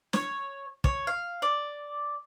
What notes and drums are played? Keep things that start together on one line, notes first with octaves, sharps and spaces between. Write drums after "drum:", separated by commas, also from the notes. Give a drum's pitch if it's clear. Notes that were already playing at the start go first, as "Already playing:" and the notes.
C#5, drum: snare
C#5, drum: kick
F5
D5